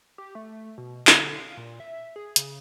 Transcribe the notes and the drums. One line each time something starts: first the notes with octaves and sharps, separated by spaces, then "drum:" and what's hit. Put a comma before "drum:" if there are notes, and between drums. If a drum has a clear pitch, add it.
G4
A3
B2
D3, drum: clap
D3
F5
A#2
E5
G#4
C#3, drum: hi-hat